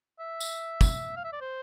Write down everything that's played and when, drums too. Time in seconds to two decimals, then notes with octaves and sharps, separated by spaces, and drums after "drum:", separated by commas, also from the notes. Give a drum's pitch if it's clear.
0.20 E5
0.40 drum: tambourine
0.81 drum: kick, tambourine
1.17 F5
1.25 E5
1.33 D5
1.41 C5